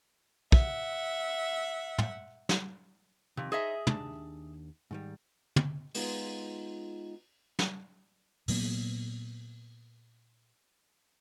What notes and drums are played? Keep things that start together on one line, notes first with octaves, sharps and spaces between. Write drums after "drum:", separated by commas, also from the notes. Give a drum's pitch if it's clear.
E5 F#5, drum: kick
drum: tom
drum: snare
F2 C3 D#3
D#4 G#4 C5 D#5 E5
D#2 D4 A5, drum: tom
G#2 D#3 G3
drum: tom
G#3 B3 D#4 F4 G#4, drum: open hi-hat
drum: snare
A#2 F#3 A#3 B3, drum: open hi-hat